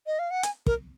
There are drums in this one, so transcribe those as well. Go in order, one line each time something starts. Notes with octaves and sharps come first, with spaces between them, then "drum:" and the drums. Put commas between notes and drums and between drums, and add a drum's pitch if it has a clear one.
D#5
F5
F#5
G#5, drum: hi-hat
A#4, drum: kick